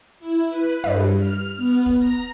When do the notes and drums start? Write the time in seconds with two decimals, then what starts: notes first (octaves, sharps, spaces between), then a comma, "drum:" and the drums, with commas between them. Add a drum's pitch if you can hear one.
0.20 E4
0.49 B4
0.84 G2, drum: tom
1.17 F6
1.57 B3
1.86 drum: kick
1.97 A#5